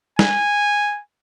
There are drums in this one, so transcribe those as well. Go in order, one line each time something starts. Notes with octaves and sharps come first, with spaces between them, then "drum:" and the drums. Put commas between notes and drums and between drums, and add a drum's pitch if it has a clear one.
G#5, drum: snare